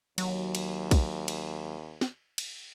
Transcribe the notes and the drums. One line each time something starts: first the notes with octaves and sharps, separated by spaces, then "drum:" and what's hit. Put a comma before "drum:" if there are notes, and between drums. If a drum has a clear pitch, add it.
D#2 F#3, drum: cymbal
drum: cymbal
drum: kick, cymbal
drum: cymbal
drum: snare
drum: cymbal